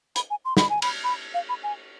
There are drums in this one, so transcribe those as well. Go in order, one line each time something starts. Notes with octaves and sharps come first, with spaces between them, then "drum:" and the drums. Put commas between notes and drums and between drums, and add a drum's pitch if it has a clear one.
B5, drum: hi-hat
G#5
C6
B5, drum: snare
G#5
B5, drum: cymbal
B5
F5
B5
G#5